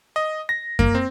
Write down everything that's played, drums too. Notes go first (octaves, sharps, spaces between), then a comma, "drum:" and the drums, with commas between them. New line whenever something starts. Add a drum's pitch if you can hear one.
D#5
A#6
A#3, drum: kick F#2
C4